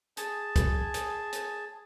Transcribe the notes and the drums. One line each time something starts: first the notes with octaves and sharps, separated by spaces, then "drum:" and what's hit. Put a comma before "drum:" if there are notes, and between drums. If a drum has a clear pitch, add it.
G#4 A5, drum: hi-hat
drum: kick, hi-hat
drum: hi-hat
drum: hi-hat